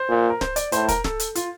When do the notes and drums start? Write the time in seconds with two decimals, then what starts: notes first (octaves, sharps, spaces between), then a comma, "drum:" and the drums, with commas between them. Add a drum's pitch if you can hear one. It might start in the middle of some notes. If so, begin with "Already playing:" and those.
Already playing: C5
0.10 A#2
0.30 A#4
0.41 C5, drum: snare
0.56 D5, drum: hi-hat
0.72 A2 C5, drum: hi-hat
0.88 A#4, drum: kick, hi-hat
1.04 A4, drum: snare
1.20 drum: hi-hat
1.35 F4, drum: hi-hat